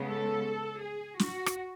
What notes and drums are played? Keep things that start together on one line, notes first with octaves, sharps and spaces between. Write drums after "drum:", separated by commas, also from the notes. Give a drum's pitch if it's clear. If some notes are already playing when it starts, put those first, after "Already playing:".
Already playing: C#3 G#3 B3
A4
G#4
F#4, drum: snare
drum: rim click